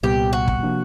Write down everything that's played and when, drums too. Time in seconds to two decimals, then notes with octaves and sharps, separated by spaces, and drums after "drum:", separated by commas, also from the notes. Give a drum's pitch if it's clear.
0.03 C2 A#2 G3 B3 G4
0.33 F#4
0.48 drum: kick
0.63 C3 F3 A#3 D4